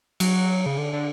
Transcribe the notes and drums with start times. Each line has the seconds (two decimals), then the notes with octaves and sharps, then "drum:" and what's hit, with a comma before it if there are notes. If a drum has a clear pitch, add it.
0.20 F#3, drum: cymbal
0.66 C#3
0.78 D3
0.93 D3